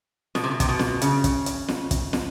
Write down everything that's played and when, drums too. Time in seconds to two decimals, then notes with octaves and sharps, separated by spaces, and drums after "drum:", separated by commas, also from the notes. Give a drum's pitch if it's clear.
0.35 B2, drum: snare
0.43 C3
0.51 B2
0.60 C3, drum: kick, hi-hat
0.69 B2
0.79 drum: snare
1.01 C#3, drum: hi-hat
1.24 drum: kick, hi-hat
1.46 drum: hi-hat
1.68 drum: snare
1.91 drum: kick, hi-hat
2.13 drum: snare